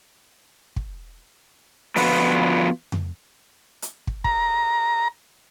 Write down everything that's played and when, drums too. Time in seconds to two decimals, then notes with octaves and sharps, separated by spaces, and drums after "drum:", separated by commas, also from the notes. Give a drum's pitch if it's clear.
0.76 drum: kick
1.96 D3 F3 B3 F4 F#4 B4, drum: open hi-hat
2.92 drum: tom F2
3.82 drum: hi-hat
4.07 drum: kick
4.24 A#5, drum: kick